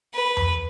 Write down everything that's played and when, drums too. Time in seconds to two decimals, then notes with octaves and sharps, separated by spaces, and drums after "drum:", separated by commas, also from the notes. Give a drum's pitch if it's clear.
0.14 B4
0.37 drum: tom E2